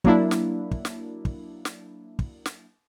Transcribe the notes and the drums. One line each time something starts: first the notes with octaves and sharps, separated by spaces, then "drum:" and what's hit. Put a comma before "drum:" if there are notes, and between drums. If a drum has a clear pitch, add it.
F#3 A#3 D4 E4, drum: kick
drum: snare
drum: kick
drum: snare
drum: kick
drum: snare
drum: kick
drum: snare